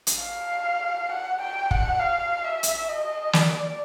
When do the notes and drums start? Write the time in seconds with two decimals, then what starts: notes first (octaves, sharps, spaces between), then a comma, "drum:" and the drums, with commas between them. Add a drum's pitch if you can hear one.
0.07 drum: hi-hat
0.23 F5
1.12 F#5
1.42 G5
1.71 F#5, drum: kick
2.00 F5
2.44 E5
2.63 drum: hi-hat
2.88 D#5
3.33 D5, drum: snare